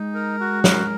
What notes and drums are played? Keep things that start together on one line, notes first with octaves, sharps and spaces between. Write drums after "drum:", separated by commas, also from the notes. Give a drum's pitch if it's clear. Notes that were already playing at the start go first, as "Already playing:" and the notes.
Already playing: G#3 D#4
A#4
F#4
A#4, drum: snare